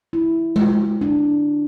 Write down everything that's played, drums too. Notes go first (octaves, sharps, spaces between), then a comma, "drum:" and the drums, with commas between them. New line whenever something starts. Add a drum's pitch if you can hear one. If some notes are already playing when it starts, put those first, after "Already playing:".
E4
drum: tom G#3
D4